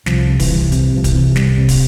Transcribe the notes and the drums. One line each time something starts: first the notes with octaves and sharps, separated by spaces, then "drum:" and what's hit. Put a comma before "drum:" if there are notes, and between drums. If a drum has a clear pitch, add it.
C2 F3, drum: snare
C3
E3, drum: kick, open hi-hat
C2
C3, drum: hi-hat
C2 F3
E3, drum: kick, hi-hat
C3
C2 G3, drum: snare
C3
drum: kick, open hi-hat